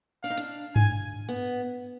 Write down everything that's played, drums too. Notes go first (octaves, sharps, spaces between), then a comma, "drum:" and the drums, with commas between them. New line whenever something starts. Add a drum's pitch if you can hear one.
D4 F5
D#4
D4, drum: hi-hat
G#5, drum: tom G2
B3